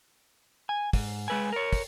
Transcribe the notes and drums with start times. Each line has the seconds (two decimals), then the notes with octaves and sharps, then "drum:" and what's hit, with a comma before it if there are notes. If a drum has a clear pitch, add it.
0.69 G#5
0.93 G#2, drum: kick, open hi-hat
1.28 G#3 B4 G#5
1.53 A#4 C#5
1.73 drum: kick, open hi-hat